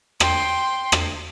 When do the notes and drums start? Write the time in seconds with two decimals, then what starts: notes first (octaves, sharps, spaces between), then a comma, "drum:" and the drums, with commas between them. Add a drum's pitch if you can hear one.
0.20 G5 C6, drum: rim click
0.92 drum: rim click